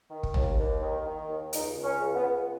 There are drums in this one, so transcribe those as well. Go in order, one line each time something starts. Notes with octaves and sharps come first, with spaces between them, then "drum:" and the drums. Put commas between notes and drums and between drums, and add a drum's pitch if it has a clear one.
D#3
drum: kick
D#2, drum: tom A1
D#2
D#3
D#3
D#2
C#2 D#4, drum: hi-hat
C#2
C#4
C#2
B3
C#2